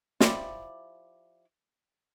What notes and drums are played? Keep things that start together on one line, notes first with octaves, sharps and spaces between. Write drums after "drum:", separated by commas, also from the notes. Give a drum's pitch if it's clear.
F3 E4 G4 D5, drum: snare